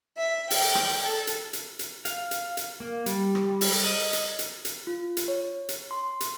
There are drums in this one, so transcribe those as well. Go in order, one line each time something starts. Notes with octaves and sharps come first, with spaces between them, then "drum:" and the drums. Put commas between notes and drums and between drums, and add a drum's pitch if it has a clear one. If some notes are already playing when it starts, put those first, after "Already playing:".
E5
G5, drum: open hi-hat
drum: rim click
A4
drum: hi-hat
drum: hi-hat
drum: hi-hat
F5, drum: hi-hat
drum: hi-hat
drum: hi-hat
A#3
G3, drum: hi-hat
drum: rim click
drum: open hi-hat
D#5
drum: hi-hat
drum: hi-hat
drum: hi-hat
F4
drum: hi-hat
C#5
drum: hi-hat
C6
drum: hi-hat